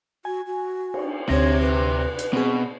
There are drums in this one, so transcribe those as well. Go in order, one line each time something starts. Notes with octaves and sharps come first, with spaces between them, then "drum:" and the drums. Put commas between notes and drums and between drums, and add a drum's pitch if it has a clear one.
F#4 G#5
F#4
drum: cymbal
D2 C3 C4 C#5 A#6
B4
drum: hi-hat
B2 C4 G#4